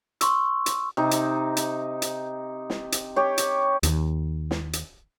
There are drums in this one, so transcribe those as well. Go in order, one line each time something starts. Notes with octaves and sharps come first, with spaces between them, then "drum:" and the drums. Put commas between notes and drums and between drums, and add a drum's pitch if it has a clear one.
C6 C#6 E6, drum: hi-hat
drum: hi-hat
C3 D#4
drum: hi-hat
drum: hi-hat
drum: hi-hat
drum: snare
drum: hi-hat
G4 C#5
drum: hi-hat
D#2, drum: hi-hat
drum: snare
drum: hi-hat